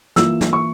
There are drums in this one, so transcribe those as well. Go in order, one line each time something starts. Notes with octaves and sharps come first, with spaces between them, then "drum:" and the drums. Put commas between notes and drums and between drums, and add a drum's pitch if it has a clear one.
E3 A#3 F4 E6, drum: snare
drum: snare
C#6